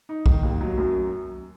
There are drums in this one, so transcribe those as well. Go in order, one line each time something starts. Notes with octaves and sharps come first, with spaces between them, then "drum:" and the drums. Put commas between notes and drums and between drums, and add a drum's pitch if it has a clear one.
D#4
D#3, drum: kick B1
D#2
F#3
F#2